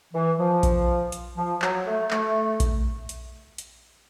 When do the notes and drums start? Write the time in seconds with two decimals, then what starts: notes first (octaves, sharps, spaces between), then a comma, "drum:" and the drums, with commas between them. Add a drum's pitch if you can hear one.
0.14 E3
0.39 F3
0.63 drum: kick A#1, hi-hat
1.12 drum: hi-hat
1.37 F3
1.62 F#3, drum: clap
1.86 A3
2.11 A3, drum: clap
2.60 drum: kick A#1, hi-hat
3.09 drum: hi-hat
3.58 drum: hi-hat